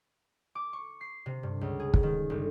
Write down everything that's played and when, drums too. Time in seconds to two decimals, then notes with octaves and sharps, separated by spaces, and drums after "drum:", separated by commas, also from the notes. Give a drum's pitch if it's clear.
0.55 D6
0.73 C#6
1.01 C7
1.26 C3
1.43 G2
1.61 C#2
1.80 G#4
1.94 drum: kick
2.03 D#3
2.30 G1